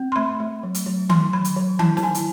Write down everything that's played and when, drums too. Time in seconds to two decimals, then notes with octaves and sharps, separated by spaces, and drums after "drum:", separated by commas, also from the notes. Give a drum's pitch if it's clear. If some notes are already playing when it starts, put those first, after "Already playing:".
Already playing: C4
0.12 C6
0.16 A3 B5
0.40 A3
0.63 F#3
0.75 drum: hi-hat
0.86 F#3
1.09 F#3 C6, drum: tom D#3
1.33 F#3 B5
1.45 drum: hi-hat
1.56 F#3
1.79 E4 A5, drum: tom D#3
1.97 A5, drum: snare
2.03 E4 G#5
2.15 drum: hi-hat